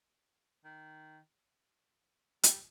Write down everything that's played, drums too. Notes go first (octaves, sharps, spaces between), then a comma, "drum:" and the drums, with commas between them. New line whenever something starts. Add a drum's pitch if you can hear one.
D#3
G3, drum: hi-hat